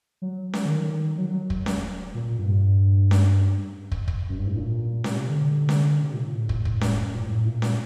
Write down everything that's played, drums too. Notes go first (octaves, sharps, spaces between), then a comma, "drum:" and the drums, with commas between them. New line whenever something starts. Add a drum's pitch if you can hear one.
F#3
F#3, drum: snare C#4
D3
D#3
F#3
F#3
drum: kick
drum: snare C#4
A#2
G2
drum: snare C#4
drum: kick
drum: kick
F#2
G2
A2
A#2
C3, drum: snare C#4
D3
drum: snare C#4
C3
A#2
A2
A2
drum: kick
drum: kick
drum: snare C#4
F#2
A#2
A2
A2
A#2
A#2, drum: snare C#4